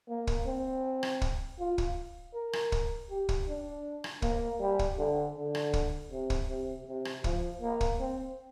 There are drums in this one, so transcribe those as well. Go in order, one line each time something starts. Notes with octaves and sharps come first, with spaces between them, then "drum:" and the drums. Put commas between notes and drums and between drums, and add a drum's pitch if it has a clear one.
A#3
drum: kick
C4
drum: rim click
drum: kick
F4
drum: kick
A#4
drum: rim click
drum: kick
G4
drum: kick
D4
drum: rim click
A#3, drum: kick
G3
drum: kick
D3
D3
drum: rim click
drum: kick
C3
drum: kick
C3
C3
drum: rim click
F3, drum: kick
A#3
drum: kick
C4